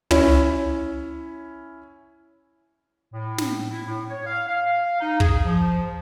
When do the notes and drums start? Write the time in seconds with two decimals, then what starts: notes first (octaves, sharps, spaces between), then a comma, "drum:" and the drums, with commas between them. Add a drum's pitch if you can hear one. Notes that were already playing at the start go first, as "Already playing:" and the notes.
0.11 C#4 E4, drum: tom
3.12 A2
3.38 drum: snare
3.70 E4
3.87 A2
4.10 C#5
4.26 F5
4.48 F5
5.01 D#4
5.20 G#4, drum: kick
5.45 F3